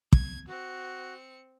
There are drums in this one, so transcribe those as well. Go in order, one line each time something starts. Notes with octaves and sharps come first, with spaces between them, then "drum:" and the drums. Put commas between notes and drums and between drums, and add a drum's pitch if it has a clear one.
G#6, drum: kick
C4 F#4 C#7